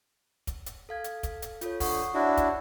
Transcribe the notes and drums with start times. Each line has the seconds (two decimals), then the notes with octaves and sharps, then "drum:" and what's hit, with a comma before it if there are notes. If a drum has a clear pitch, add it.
0.47 drum: kick, hi-hat
0.66 drum: hi-hat
0.89 A4 F5 G#6
1.04 drum: hi-hat
1.23 drum: kick, hi-hat
1.42 drum: hi-hat
1.61 F4 A4 C#5, drum: hi-hat
1.80 D3 F#5 C#6 D#6, drum: kick, open hi-hat
2.14 D4 E4 F#4 C#5 D5 F#5
2.37 drum: kick, hi-hat